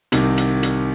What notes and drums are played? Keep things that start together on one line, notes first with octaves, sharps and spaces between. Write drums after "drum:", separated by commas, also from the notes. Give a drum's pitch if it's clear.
C2 C3 D#3, drum: hi-hat
drum: hi-hat
drum: hi-hat